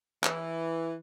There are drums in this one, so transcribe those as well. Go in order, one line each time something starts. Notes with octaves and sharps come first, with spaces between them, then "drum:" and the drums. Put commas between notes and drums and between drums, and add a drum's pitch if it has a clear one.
E3, drum: clap